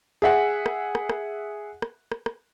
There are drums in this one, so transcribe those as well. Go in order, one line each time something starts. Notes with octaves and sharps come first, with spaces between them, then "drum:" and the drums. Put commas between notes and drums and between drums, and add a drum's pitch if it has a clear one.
G#4 E5 F#5
drum: rim click
drum: rim click
drum: rim click
drum: rim click
drum: rim click
drum: rim click